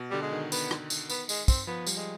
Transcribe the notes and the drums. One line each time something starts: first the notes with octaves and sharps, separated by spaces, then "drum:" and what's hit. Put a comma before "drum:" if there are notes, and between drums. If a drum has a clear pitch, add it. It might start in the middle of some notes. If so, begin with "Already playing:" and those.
Already playing: B2
D3 G3
G#3
D#3
B3, drum: tambourine
drum: rim click
drum: tambourine
B3, drum: tambourine
G#3, drum: tambourine
C4, drum: kick, tambourine
F3 B3
G3, drum: tambourine
G#3